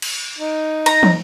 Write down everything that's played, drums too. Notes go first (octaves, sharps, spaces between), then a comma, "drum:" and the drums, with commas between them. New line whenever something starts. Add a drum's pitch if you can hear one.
drum: cymbal
D#4
A#5, drum: cymbal
drum: tom